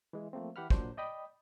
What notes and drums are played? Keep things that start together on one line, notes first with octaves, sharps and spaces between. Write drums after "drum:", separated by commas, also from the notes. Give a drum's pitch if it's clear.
E3 G#3
F3 A3 A#3 C4
E3 G4 F#5 B5 F6
A#2 F#3 D4 C5 G6, drum: kick
D5 D#5 G5 B5 D#6